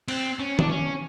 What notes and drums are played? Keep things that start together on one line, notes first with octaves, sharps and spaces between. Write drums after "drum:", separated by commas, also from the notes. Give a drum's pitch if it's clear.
C4, drum: cymbal
C#4
D4, drum: tom D#3
C#4